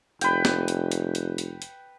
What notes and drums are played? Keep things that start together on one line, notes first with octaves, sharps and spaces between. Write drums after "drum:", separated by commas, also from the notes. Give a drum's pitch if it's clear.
F1 B4 G5, drum: hi-hat
drum: snare
drum: hi-hat
drum: hi-hat
drum: hi-hat
drum: hi-hat
drum: hi-hat